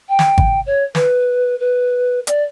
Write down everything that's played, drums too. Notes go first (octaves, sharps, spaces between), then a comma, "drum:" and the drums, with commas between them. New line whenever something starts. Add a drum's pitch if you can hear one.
G5
drum: snare
drum: kick G#1
C#5
B4, drum: snare
B4
D5, drum: hi-hat